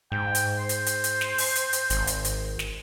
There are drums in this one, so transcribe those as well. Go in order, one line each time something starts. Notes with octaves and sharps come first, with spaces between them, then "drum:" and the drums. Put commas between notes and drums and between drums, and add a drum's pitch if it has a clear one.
G#2 G5
drum: hi-hat
C5
drum: hi-hat
drum: hi-hat
drum: hi-hat
drum: snare
drum: open hi-hat
drum: hi-hat
drum: hi-hat
G#1, drum: hi-hat
drum: hi-hat
drum: hi-hat
drum: snare